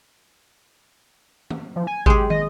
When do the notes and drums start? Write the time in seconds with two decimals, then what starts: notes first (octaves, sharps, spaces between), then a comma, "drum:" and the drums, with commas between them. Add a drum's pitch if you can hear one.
1.50 drum: tom
1.76 F3
1.87 G#5
2.06 G#3 G4 G#4, drum: kick G#1
2.30 D#5, drum: tom